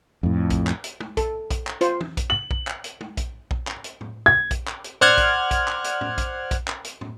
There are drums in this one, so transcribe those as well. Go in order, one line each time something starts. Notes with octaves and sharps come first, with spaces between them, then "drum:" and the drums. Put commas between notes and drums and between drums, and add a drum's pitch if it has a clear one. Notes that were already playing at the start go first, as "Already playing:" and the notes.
F2 A2
drum: kick A#1, hi-hat
drum: clap
drum: hi-hat
drum: tom
A4, drum: kick A#1, hi-hat
drum: kick A#1, hi-hat
drum: clap
F4 C5, drum: hi-hat
drum: tom
drum: kick A#1, hi-hat
F#7
drum: kick A#1
drum: clap
drum: hi-hat
drum: tom
drum: kick A#1, hi-hat
drum: kick A#1
drum: clap
drum: hi-hat
drum: tom A2
G#6
drum: kick A#1, hi-hat
drum: clap
drum: hi-hat
C5 D5 F#5 F6 F#6 G#6, drum: tom
drum: kick A#1, hi-hat
drum: kick A#1, hi-hat
drum: clap
drum: hi-hat
drum: tom
drum: kick A#1, hi-hat
drum: kick A#1, hi-hat
drum: clap
drum: hi-hat
drum: tom